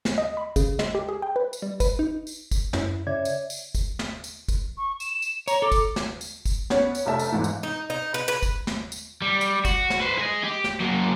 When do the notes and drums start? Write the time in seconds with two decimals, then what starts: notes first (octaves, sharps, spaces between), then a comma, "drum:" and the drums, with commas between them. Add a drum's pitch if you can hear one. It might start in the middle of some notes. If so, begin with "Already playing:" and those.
0.05 drum: snare
0.18 D#5
0.37 B5
0.56 C#3, drum: kick, tambourine
0.79 G#3, drum: snare
0.95 G4
1.09 G#4
1.22 G5
1.36 B4
1.53 drum: tambourine
1.62 G3
1.80 B4, drum: kick, tambourine
1.99 D#4
2.27 drum: tambourine
2.51 drum: kick, tambourine
2.73 F#2 E4, drum: snare
3.07 C#3 C#5 D5 E5 G#6
3.25 drum: tambourine
3.50 drum: tambourine
3.75 drum: kick, tambourine
3.99 drum: snare
4.24 drum: tambourine
4.48 drum: kick, tambourine
4.78 C#6
5.00 E7, drum: tambourine
5.22 drum: tambourine
5.48 C#5 A#5, drum: tambourine
5.62 A4 D6
5.72 drum: kick, tambourine
5.96 drum: snare
6.21 drum: tambourine
6.46 drum: kick, tambourine
6.70 B3 C#4 C#5, drum: snare
6.95 drum: tambourine
7.06 F1 A3 E5 A5
7.19 drum: tambourine
7.32 G#1 E2 G#2 E3
7.44 drum: tambourine
7.63 D#4
7.90 D#4
8.14 B4
8.28 B4
8.43 drum: kick, tambourine
8.67 drum: snare
8.92 drum: tambourine
9.22 G3
9.41 drum: tambourine
9.65 F#4, drum: kick, tambourine
9.90 drum: snare
10.00 B4 C5
10.18 G#4 D#5
10.44 G4
10.64 drum: snare
10.80 F#3 A#3